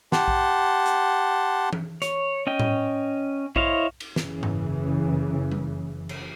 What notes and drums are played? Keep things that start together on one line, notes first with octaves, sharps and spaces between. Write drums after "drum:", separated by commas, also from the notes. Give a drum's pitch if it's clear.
G4 F#5 A5 C6, drum: snare
drum: kick A#1
drum: hi-hat
drum: tom E3
C#5, drum: hi-hat
C#4 D#5 G5
drum: tom A2
E4 C5 C#5 D#5 F5, drum: kick A#1
drum: cymbal
F#1 C#3 E3, drum: snare
drum: tom G#2
drum: tom G3
drum: cymbal